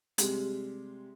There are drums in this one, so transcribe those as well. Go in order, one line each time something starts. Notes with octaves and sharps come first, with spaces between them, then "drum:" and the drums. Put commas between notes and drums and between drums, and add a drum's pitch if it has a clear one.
C3 G3 G#3, drum: hi-hat